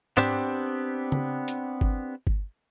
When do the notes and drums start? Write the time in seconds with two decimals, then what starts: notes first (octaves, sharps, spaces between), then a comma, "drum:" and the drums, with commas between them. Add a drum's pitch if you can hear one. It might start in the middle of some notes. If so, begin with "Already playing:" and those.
0.17 B3 C4 D4 G4, drum: tom G#2
1.12 drum: tom C#3
1.48 drum: hi-hat
1.81 drum: kick
2.27 drum: kick